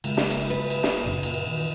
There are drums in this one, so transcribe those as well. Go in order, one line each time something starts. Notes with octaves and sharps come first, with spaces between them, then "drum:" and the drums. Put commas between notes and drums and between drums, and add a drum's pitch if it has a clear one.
C#3 G#3, drum: cymbal
drum: snare
drum: cymbal
B4
drum: cymbal
drum: snare
F#2 A#2 C#3
drum: cymbal
D#3 E3